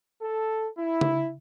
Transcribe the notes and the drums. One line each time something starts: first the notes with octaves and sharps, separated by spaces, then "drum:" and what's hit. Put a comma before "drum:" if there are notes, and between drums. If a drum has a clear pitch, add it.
A4
E4
drum: tom C#3